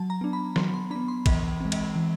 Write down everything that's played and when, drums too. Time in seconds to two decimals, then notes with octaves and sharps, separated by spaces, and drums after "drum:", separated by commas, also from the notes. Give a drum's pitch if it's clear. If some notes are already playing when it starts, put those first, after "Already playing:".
Already playing: F#3 A5
0.10 A#5
0.21 B3 D4
0.33 B5
0.56 F#3 C6, drum: snare
0.74 C6
0.91 B3 D4 B5
1.08 C6
1.26 E3 B5, drum: kick, cymbal
1.60 G#3 C4
1.72 drum: cymbal
1.96 E3